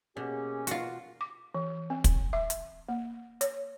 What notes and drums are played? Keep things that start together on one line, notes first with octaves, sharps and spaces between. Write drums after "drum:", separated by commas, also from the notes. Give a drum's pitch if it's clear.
B2 A#3 C#4 G4 G#4
B2 A#3 F4 F#4, drum: hi-hat
D6
E3
C4
drum: kick, hi-hat
E5
drum: hi-hat
A#3
C#5, drum: hi-hat